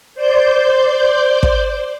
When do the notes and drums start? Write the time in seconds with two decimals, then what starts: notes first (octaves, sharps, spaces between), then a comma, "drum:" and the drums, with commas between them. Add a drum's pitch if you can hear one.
0.14 C5 D5 G6
1.43 drum: kick